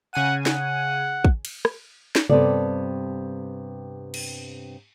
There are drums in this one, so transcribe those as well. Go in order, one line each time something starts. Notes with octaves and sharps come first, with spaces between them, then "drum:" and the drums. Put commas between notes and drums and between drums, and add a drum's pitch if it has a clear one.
C#3 F#5 G#5 D#7
F#5, drum: snare
drum: kick
drum: cymbal
drum: rim click
drum: snare
G2 C3 A3 B3 A4 D5, drum: tom C3
drum: cymbal